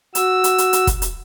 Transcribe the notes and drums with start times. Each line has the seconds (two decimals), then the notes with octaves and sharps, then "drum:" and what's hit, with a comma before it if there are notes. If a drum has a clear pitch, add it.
0.15 F#4 E6, drum: hi-hat
0.44 drum: hi-hat
0.58 drum: hi-hat
0.73 drum: hi-hat
0.87 drum: kick, hi-hat
1.02 drum: hi-hat